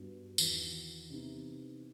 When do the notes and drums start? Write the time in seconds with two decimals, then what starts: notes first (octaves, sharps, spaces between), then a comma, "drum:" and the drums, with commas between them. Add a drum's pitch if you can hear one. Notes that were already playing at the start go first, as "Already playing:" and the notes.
Already playing: G2 F#3 B3 F#4
0.38 E2 D#3 F#3, drum: tambourine
1.10 C3 E3 B3 D#4